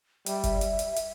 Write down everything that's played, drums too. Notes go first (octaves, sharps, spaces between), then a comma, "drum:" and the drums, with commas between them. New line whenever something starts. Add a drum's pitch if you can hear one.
G3 E5, drum: hi-hat
drum: kick F#1, hi-hat
drum: hi-hat
drum: hi-hat
drum: hi-hat